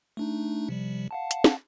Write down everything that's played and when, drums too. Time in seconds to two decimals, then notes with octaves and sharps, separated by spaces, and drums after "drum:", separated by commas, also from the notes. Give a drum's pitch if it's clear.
0.17 A3 D4 D#4
0.69 C3 F3 G3
1.11 F5 F#5 A5
1.31 drum: hi-hat
1.44 drum: snare